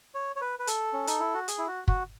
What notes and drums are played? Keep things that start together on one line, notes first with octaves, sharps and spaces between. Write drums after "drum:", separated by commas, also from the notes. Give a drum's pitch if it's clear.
C#5
C#5
B4
B4
A4, drum: hi-hat
C#4
D#4, drum: hi-hat
E4
F#4
G#4, drum: hi-hat
E4
F#4
F#4, drum: kick